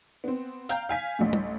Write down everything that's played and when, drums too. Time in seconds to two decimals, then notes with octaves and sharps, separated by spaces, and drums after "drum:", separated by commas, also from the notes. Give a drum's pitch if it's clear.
0.24 B3 C4
0.69 F5 G5 A#5 G6, drum: hi-hat
0.89 F5 G#5 B6
1.19 A1 D2
1.33 drum: tom